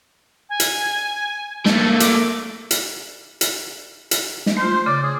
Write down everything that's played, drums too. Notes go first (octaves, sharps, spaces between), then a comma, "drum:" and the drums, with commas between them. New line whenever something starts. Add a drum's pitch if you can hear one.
G#5
drum: hi-hat
A3 A#3 A5, drum: snare
D6, drum: hi-hat
drum: hi-hat
drum: hi-hat
drum: hi-hat
drum: snare
A3 F4 C5
C#3 D5
G#4